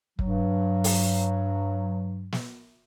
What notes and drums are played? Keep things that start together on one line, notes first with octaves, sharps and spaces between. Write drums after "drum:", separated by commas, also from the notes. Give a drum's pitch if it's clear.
G2 F#3, drum: kick
drum: open hi-hat
drum: snare